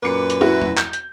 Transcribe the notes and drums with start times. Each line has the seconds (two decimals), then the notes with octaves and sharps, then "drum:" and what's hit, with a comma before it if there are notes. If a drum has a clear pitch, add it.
0.03 F#2 A#2 B4 D6 C#7
0.30 drum: hi-hat
0.41 E4 F#4
0.62 drum: tom
0.77 G6, drum: clap
0.93 drum: hi-hat